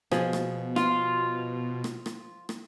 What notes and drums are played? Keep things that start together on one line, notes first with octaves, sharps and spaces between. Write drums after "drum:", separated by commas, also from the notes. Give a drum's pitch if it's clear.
B2 F3 G#4, drum: rim click
drum: rim click
F4, drum: rim click
drum: rim click
drum: rim click
drum: rim click